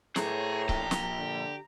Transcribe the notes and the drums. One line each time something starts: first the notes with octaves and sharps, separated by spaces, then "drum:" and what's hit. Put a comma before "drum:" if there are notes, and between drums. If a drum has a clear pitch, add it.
A2 G#4 C5 C#5 A#5, drum: snare
A#2 F3 G4, drum: kick C#1
drum: snare
D3